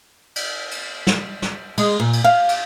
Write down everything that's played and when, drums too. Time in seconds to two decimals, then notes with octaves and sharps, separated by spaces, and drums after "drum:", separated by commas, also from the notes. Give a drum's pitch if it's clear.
0.36 drum: cymbal
0.71 drum: cymbal
1.07 drum: snare
1.42 drum: snare
1.78 G#3, drum: cymbal
2.00 A#2
2.13 drum: cymbal
2.24 F5
2.49 drum: cymbal